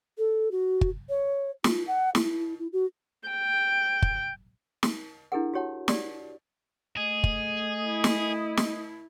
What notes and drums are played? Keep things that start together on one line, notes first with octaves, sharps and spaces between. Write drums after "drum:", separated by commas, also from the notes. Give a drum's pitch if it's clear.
A4
F#4
drum: kick
C#5
F4, drum: snare
F#5
E4, drum: snare
E4
F#4
G5
drum: kick
drum: snare
D4 E4 G4 G#4 A#4 F#5
F#4 G4 C#5 F#5 A5
G4 D5, drum: snare
A3 G#4 D#5
drum: kick
E4
drum: snare
drum: snare